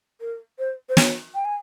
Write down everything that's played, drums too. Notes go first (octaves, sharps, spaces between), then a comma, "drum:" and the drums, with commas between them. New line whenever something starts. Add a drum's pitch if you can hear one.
A#4
C5
C5
C#5, drum: snare
G5
G#5